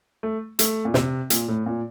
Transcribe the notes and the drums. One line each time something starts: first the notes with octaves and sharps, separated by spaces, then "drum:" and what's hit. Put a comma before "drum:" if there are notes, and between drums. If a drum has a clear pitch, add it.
A3
A3, drum: hi-hat
A#2
C3, drum: snare
A#2, drum: hi-hat
A2
A#2